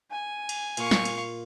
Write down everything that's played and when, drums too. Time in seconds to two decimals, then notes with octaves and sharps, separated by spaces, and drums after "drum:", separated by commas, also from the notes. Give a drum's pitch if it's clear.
0.11 G#5
0.49 drum: cymbal
0.77 A#2 F5 C#6, drum: cymbal
0.91 drum: snare
1.05 drum: cymbal